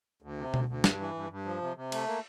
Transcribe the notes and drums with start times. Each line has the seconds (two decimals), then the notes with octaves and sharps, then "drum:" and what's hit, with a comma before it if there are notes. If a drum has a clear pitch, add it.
0.22 D2
0.38 C3
0.54 D2, drum: tom B2
0.69 D2
0.84 G2, drum: snare
1.00 E3
1.15 G2
1.30 G2
1.45 F3
1.62 C3
1.76 C3
1.92 A3, drum: cymbal
2.08 A#3